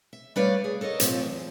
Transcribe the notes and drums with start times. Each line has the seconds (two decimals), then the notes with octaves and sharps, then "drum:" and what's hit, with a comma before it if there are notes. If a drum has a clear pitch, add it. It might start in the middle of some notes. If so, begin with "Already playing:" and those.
0.13 E5
0.36 G3 A3 B4 C#5 D5 F5
0.64 G#4
0.81 A4 A#4 C#5 D#5
1.00 A2 F#3 A3 C4 F4, drum: hi-hat
1.19 E2